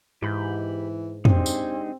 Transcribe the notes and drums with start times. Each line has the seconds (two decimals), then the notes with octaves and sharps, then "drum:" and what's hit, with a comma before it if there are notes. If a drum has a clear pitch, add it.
0.22 G#2 E3 G4 B5 G6
1.25 C3 G#3 C4 D4 D#4, drum: tom
1.46 drum: tambourine